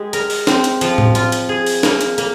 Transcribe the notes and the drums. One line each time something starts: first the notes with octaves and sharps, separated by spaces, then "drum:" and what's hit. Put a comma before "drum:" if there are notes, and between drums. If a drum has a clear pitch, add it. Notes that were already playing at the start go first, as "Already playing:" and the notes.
Already playing: G#3 G4
A#4, drum: hi-hat
drum: open hi-hat
C4, drum: snare
drum: hi-hat
F3, drum: hi-hat
drum: tom A2
F4, drum: hi-hat
drum: hi-hat
G#4
drum: open hi-hat
A#3, drum: snare
drum: hi-hat
A#3, drum: hi-hat